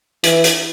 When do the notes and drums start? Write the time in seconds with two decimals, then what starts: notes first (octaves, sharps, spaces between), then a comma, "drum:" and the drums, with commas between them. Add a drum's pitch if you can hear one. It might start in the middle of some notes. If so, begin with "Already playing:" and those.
0.24 E3, drum: hi-hat
0.44 drum: hi-hat